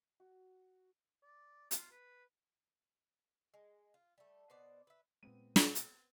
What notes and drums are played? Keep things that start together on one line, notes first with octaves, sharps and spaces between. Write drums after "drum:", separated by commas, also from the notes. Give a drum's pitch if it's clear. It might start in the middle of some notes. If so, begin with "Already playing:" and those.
F#4
D5
F4, drum: hi-hat
B4
G#3
F4
G3 A3
B2 B3 C5 D5
B4 E5
A#2 G#3 B3 C4 D#7
drum: snare
drum: hi-hat